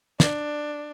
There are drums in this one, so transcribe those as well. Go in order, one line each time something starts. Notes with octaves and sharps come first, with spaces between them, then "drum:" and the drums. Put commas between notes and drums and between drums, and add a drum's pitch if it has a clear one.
D4, drum: snare